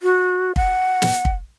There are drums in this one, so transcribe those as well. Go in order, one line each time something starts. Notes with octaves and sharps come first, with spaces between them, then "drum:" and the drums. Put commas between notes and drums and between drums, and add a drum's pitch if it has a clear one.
F#4
F#5, drum: kick
drum: snare
drum: kick